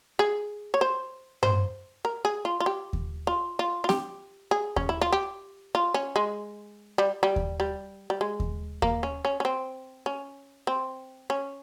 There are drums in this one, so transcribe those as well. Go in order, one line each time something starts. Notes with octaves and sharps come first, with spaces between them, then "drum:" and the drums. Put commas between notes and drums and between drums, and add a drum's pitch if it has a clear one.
G#4
C#5
C5
C5, drum: tom G2
A#4
G#4
F4
F4
G4
drum: kick D#2
F4
F4
F4
G4, drum: snare
G#4
C#4, drum: kick D#2
E4
F4
G4
F4
C#4
G#3
G3
G3
drum: kick D#2
G3
G3
G#3
drum: kick D#2
A#3, drum: kick D#2
C#4
C#4
C#4
C4
C#4
C4
C#4